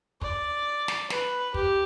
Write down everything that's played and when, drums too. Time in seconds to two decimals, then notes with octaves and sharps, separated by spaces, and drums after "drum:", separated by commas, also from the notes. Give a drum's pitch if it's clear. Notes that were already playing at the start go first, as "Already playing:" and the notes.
0.22 D5, drum: kick
0.88 drum: snare
1.10 B4, drum: snare
1.54 G4, drum: kick